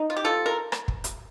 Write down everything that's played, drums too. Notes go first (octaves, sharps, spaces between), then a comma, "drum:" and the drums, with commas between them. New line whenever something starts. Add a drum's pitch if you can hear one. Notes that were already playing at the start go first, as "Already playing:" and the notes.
Already playing: D#4
F4
G4
C3 F4 A4
A#4
drum: rim click
drum: kick
drum: hi-hat